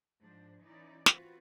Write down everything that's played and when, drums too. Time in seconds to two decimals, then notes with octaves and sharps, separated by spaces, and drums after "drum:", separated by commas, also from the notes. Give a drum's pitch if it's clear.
0.21 G#2 F3 D4 C5
0.62 E3 C#4 D#4 E4 D5
1.06 C4 F4 F#4 B4, drum: snare